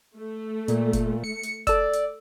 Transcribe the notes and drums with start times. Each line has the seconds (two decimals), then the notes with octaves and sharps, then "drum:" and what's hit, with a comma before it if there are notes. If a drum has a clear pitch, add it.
0.16 A3
0.68 A#2, drum: hi-hat
0.93 drum: kick, hi-hat
1.24 C#7
1.43 drum: hi-hat
1.67 A4 D5 E6, drum: kick, hi-hat
1.93 drum: hi-hat